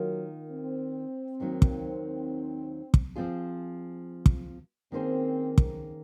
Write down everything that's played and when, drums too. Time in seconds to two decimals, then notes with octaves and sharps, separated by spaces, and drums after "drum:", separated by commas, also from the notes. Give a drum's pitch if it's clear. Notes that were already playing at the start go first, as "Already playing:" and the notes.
Already playing: D#3 F#3 A#3 F4
0.52 C4
1.40 D#2 D#3 F#3 A#3 D#4
1.62 drum: kick
2.94 drum: kick
3.16 F3 C4 F4 G#4
4.26 drum: kick
4.92 D#3 A#3 C4 C#4 G#4 C5
5.58 drum: kick